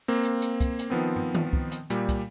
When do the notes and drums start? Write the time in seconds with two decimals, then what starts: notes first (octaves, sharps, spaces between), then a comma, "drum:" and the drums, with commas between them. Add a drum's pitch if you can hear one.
0.08 A#3 C4
0.23 drum: hi-hat
0.42 drum: hi-hat
0.60 drum: kick, hi-hat
0.79 drum: hi-hat
0.90 D#3 F3 B3 C4
1.16 drum: tom
1.35 drum: tom D#3
1.53 drum: kick
1.72 drum: hi-hat
1.90 A#2 G3, drum: hi-hat
2.09 drum: kick, hi-hat